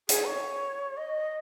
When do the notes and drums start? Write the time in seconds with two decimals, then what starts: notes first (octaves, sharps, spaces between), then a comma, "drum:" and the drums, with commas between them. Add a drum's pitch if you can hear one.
0.09 G#4, drum: hi-hat
0.26 C#5
0.97 D#5